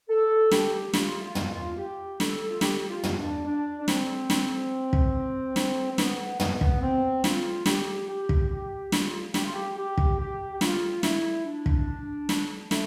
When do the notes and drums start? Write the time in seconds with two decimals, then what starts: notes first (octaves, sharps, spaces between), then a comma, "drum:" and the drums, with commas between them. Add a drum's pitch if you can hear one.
0.09 A4
0.51 G4, drum: snare
0.93 F4, drum: snare
1.21 F4
1.35 drum: tom
1.50 F4
1.77 G4
2.20 A4, drum: snare
2.50 F4
2.61 G4, drum: snare
2.89 F4
3.03 drum: tom
3.18 D4
3.46 D4
3.78 D4
3.88 C4, drum: snare
4.30 drum: snare
4.93 drum: kick
5.56 drum: snare
5.91 C4
5.98 B3, drum: snare
6.40 B3, drum: tom
6.61 drum: kick
6.82 C4
7.24 F4, drum: snare
7.66 G4, drum: snare
8.08 G4
8.29 drum: kick
8.50 G4
8.92 F4, drum: snare
9.34 G4, drum: snare
9.44 F4
9.53 G4
9.77 G4
9.98 drum: kick
10.19 G4
10.52 G4
10.61 F4, drum: snare
11.03 E4, drum: snare
11.44 D4
11.66 drum: kick
12.29 drum: snare
12.71 A3, drum: snare